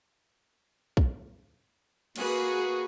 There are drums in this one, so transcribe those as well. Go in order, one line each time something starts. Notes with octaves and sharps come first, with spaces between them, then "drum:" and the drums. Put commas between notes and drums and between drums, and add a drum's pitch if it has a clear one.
drum: kick
A#3 F#4 G#4 B4, drum: cymbal